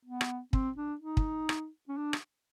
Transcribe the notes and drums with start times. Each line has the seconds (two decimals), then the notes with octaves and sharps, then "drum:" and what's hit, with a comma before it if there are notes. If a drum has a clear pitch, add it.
0.05 B3
0.21 drum: rim click
0.53 C4, drum: kick
0.77 D4
1.01 D#4
1.17 drum: kick
1.49 drum: rim click
1.89 C#4
1.97 D4
2.13 drum: rim click